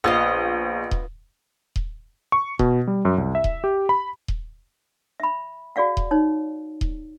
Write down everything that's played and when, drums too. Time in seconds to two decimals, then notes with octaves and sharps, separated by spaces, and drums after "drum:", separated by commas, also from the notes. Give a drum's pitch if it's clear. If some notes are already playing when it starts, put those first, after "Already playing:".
0.04 A#1 B3 F4 D#5
0.91 drum: kick D#1
1.76 drum: kick D#1
2.32 C#6
2.59 B2, drum: kick D#1
2.87 G3
3.05 F#2
3.18 C2
3.35 E5
3.44 drum: kick D#1
3.64 G4
3.89 B5
4.28 drum: kick D#1
5.20 E5 B5
5.76 F#4 G#4 D5 F5 F#5
5.97 drum: kick D#1
6.11 D#4 C#5
6.81 drum: kick D#1